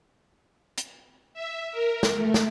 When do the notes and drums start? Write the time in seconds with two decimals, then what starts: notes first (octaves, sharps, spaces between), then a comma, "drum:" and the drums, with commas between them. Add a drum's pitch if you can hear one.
0.78 drum: hi-hat
1.34 E5
1.72 A#4
2.03 drum: snare
2.13 A3
2.34 drum: snare